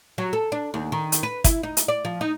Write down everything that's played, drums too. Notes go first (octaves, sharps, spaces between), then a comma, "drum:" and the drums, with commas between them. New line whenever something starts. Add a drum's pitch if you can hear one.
F#3
A4
D4
D#2
D#3
drum: hi-hat
B4
E4, drum: kick, hi-hat
D#4
drum: hi-hat
D5
F3
D#4